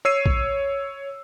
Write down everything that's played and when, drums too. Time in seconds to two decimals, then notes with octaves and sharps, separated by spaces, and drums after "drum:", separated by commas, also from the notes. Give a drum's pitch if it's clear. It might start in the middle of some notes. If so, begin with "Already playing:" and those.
0.05 C#5 E6 C7 D#7
0.26 drum: kick A#1